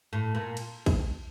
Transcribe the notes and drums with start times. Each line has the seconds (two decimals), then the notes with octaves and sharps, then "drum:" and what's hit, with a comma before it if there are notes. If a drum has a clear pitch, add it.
0.13 A2
0.35 A#2
0.57 drum: cymbal
0.86 drum: kick, cymbal